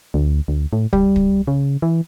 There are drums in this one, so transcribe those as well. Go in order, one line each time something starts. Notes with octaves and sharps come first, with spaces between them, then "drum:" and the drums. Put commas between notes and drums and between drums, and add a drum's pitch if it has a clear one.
D2
D2
A2
G3, drum: kick
drum: kick
C#3
E3